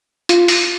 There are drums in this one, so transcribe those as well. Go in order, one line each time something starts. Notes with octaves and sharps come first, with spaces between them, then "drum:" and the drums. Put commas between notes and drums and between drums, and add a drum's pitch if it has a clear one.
F4, drum: hi-hat
drum: open hi-hat